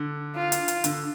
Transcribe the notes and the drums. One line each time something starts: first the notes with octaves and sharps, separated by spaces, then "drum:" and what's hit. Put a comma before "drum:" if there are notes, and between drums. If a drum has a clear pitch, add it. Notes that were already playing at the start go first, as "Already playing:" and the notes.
Already playing: D3
F4
drum: hi-hat
drum: hi-hat
D3, drum: hi-hat